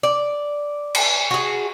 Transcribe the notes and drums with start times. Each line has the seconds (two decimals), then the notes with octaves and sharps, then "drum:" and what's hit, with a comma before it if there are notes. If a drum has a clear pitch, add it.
0.03 D5
0.95 drum: cymbal
1.31 F#4 G#4